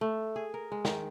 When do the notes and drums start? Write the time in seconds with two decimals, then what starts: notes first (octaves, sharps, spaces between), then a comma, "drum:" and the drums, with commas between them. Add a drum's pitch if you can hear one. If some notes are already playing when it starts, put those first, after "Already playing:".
0.01 A3
0.36 G#4
0.54 A#4
0.72 G#3
0.85 D#3, drum: snare